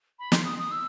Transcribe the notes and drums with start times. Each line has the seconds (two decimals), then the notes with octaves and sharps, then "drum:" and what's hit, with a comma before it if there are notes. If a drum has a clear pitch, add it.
0.19 B5
0.32 C6, drum: snare
0.45 D#6
0.59 D#6
0.71 E6